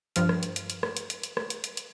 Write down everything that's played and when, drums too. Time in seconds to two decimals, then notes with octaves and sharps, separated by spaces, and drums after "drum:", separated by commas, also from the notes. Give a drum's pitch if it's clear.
0.16 G2 F3 F6, drum: hi-hat
0.29 drum: rim click
0.43 drum: hi-hat
0.56 drum: hi-hat
0.70 drum: hi-hat
0.83 drum: rim click
0.97 drum: hi-hat
1.10 drum: hi-hat
1.23 drum: hi-hat
1.37 drum: rim click
1.50 drum: hi-hat
1.64 drum: hi-hat
1.77 drum: hi-hat